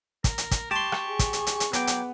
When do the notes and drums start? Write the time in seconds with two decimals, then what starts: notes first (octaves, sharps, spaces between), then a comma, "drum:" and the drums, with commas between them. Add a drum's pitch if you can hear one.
0.24 A#4, drum: kick, hi-hat
0.38 drum: hi-hat
0.51 drum: kick, hi-hat
0.71 G4 A5 C6 C#6
0.92 drum: rim click
1.07 G#4
1.19 drum: kick, hi-hat
1.33 drum: hi-hat
1.47 drum: hi-hat
1.60 drum: hi-hat
1.73 F#3 B3 G5 D6, drum: hi-hat
1.87 drum: hi-hat